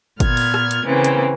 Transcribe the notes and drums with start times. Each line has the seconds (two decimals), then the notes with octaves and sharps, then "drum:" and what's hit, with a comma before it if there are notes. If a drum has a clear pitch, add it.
0.20 A#2 B3 F6 G#6, drum: kick G1, hi-hat
0.37 drum: open hi-hat
0.54 drum: rim click
0.71 drum: hi-hat
0.85 C#3 E3 A#3 C4 C#4
1.04 drum: hi-hat